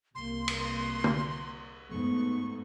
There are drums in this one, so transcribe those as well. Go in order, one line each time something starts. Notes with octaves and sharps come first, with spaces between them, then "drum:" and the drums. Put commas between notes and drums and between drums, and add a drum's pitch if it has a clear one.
C2 A#3 C6
drum: cymbal
drum: tom D3
G#2 A3 B3 C#6